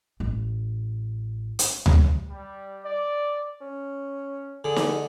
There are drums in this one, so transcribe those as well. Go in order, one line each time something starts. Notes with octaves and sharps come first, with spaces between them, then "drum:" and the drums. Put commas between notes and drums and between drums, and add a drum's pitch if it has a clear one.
A1
drum: hi-hat
F#3, drum: tom D2
G3
D5
C#4
D3 G#4
drum: snare